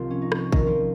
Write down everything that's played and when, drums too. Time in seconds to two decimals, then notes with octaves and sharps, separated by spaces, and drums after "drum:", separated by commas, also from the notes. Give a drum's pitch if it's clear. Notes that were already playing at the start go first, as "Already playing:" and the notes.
Already playing: C2 C3 D#3 F3 F4
0.10 C#4
0.22 D#4
0.32 C#4, drum: rim click
0.52 D#3 D#4, drum: kick A1
0.67 F3 F4